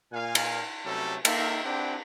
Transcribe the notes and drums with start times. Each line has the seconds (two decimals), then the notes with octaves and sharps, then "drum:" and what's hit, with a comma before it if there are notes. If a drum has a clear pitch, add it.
0.12 A#2 F5 G#5
0.35 drum: cymbal
0.86 C3 F#3 G3 A3 C#4 A4
1.25 A#3 D#4 A4 E5 F5 G5, drum: cymbal
1.64 C4 D4 E4 G4 F#5 G5